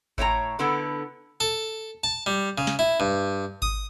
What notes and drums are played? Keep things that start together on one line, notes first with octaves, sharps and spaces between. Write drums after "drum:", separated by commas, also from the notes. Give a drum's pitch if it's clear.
A2 C#5 G5 A#5, drum: kick G#1
D3 B3 E4 A4
A4
A5
G3
C#3
drum: snare
E4
G2
D#6, drum: kick G#1